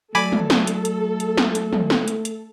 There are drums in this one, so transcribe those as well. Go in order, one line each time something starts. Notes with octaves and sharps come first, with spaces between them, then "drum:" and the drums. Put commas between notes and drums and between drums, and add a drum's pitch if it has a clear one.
F#3 A3 A4 D5 G#5 B5 D6
drum: tom
drum: snare
drum: hi-hat
drum: hi-hat
drum: hi-hat
drum: snare
drum: hi-hat
drum: tom
drum: snare
drum: hi-hat
drum: hi-hat